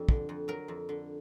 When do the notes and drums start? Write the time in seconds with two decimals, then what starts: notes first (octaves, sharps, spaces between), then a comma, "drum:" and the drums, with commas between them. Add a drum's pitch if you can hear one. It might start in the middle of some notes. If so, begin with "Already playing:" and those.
Already playing: F2 G3 D4
0.09 D3, drum: kick
0.29 F2
0.48 F#3 A#4
0.68 F2
0.89 D3